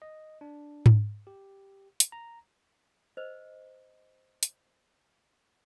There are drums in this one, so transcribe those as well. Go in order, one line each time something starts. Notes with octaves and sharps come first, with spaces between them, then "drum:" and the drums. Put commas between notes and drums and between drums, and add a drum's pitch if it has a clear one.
D#5
D4
drum: tom G#2
G4
drum: hi-hat
A#5
B4 C5 D#5
drum: hi-hat